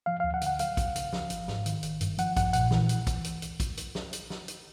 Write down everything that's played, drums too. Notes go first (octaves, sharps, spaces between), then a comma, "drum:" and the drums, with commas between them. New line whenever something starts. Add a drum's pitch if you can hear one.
F3 F5
D2 F5
F#5
D3, drum: hi-hat
F#5
F#3 F5, drum: hi-hat
D2, drum: kick, hi-hat
C#3, drum: hi-hat
F3, drum: snare
G#1, drum: hi-hat
G#2, drum: snare
D#3, drum: hi-hat
G1, drum: hi-hat
G2, drum: hi-hat
F3 F#5, drum: hi-hat
A#1 F#5, drum: kick, hi-hat
A#2 F#5, drum: hi-hat
E3, drum: snare
drum: hi-hat
drum: kick, hi-hat
drum: hi-hat
drum: hi-hat
drum: kick, hi-hat
drum: hi-hat
drum: snare
drum: hi-hat
drum: snare
drum: hi-hat